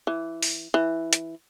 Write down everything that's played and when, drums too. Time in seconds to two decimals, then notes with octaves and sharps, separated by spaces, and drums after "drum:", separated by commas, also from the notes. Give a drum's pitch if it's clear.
0.07 E3
0.43 drum: open hi-hat
0.74 E3
1.13 drum: hi-hat